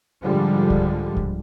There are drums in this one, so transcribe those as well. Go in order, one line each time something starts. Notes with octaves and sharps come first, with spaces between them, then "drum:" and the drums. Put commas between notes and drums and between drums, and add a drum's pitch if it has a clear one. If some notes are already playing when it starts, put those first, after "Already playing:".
G#2 D3 F3 G3 G#3
drum: kick C2
drum: kick C2